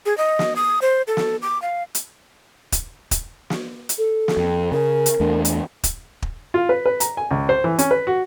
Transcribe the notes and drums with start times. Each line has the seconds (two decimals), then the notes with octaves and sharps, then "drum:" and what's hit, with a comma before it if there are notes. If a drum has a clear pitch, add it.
0.06 G#4
0.18 D#5
0.39 drum: snare
0.56 D#6
0.82 C5
1.07 A4
1.17 drum: snare
1.42 D6
1.62 F5
1.95 drum: hi-hat
2.72 drum: kick, hi-hat
3.11 drum: kick, hi-hat
3.50 drum: snare
3.89 drum: hi-hat
3.98 A4
4.28 drum: snare
4.37 F2
4.72 C#3 A#4
5.06 drum: hi-hat
5.20 E2 A3 D4
5.45 drum: hi-hat
5.84 drum: kick, hi-hat
6.22 drum: kick
6.54 F4
6.69 B4
6.86 B4
7.00 A#5, drum: hi-hat
7.17 G#5
7.31 C#2
7.49 C5
7.64 E3
7.79 C#4, drum: hi-hat
7.91 B4
8.07 F#4